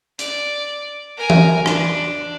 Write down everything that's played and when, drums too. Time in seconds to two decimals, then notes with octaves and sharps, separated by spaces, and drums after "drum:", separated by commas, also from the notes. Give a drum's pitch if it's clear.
0.19 D5, drum: hi-hat
1.17 A#4 G#5
1.30 drum: tom E3
1.66 D4, drum: rim click